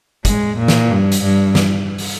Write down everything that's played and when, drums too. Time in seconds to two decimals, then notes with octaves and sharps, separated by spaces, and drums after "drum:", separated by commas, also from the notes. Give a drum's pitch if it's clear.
0.25 G#3, drum: kick, hi-hat
0.58 A#2
0.68 drum: snare
0.90 G2
1.12 drum: hi-hat
1.23 G2
1.55 drum: snare
1.98 drum: open hi-hat